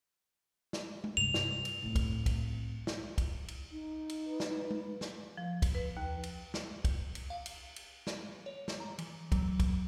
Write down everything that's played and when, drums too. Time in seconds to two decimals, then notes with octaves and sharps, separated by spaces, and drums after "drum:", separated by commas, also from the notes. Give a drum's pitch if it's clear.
0.73 drum: snare
1.04 drum: tom
1.17 G2 C3 F7
1.34 drum: snare
1.65 drum: cymbal
1.82 A2 C4
1.95 drum: kick, cymbal
2.26 drum: kick, cymbal
2.87 drum: snare
3.18 drum: kick, cymbal
3.48 drum: cymbal
3.72 D#4
4.09 drum: cymbal
4.28 B4
4.40 drum: snare
4.71 drum: tom
5.01 drum: snare
5.37 F3
5.62 drum: kick, cymbal
5.75 B4
5.97 D#2
6.23 drum: cymbal
6.54 drum: snare
6.84 drum: kick, cymbal
7.15 drum: cymbal
7.30 F5
7.46 drum: cymbal
7.76 drum: cymbal
8.07 drum: snare
8.46 C#5
8.68 drum: snare
8.80 A#5
8.98 E3, drum: cymbal
9.32 F#3, drum: kick, cymbal
9.60 drum: kick, cymbal